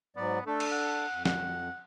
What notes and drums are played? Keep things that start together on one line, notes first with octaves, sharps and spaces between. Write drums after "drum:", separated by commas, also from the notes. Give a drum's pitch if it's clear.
G#2 F#3 B3 D5
A3 D4 A4
drum: cymbal
F#5
F2
F#5, drum: snare